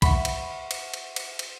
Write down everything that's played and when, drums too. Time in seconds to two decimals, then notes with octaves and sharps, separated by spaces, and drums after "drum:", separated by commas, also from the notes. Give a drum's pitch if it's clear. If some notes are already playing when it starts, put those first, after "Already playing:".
0.02 E5 F#5 B5 C#6, drum: kick, cymbal
0.25 drum: cymbal
0.71 drum: cymbal
0.94 drum: cymbal
1.16 drum: cymbal
1.39 drum: cymbal